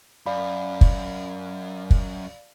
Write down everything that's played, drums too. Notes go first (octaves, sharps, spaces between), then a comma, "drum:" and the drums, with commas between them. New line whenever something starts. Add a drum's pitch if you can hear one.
F#2 D5 F5 B5
drum: kick
drum: kick